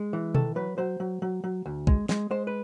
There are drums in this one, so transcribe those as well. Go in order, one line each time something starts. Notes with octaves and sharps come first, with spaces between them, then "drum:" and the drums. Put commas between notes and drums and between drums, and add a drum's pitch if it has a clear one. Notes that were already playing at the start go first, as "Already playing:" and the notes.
Already playing: G#3
E3
D#3 A4, drum: tom B2
F#3 B4
F#3 C5
F#3
F#3
F#3
D2
G#3, drum: kick
G#3, drum: snare
G#3 C5
B4